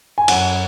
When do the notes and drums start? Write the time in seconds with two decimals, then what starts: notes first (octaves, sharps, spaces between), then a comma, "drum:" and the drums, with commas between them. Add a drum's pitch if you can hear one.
0.18 G#5
0.28 F#2 F#5, drum: cymbal